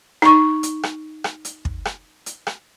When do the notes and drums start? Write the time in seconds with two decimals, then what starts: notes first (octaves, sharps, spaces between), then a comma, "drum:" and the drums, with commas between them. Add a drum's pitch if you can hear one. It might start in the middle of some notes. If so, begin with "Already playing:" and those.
0.22 D#4 C#6, drum: rim click
0.63 drum: hi-hat
0.83 drum: rim click
1.24 drum: rim click
1.45 drum: hi-hat
1.65 drum: kick
1.85 drum: rim click
2.26 drum: hi-hat
2.47 drum: rim click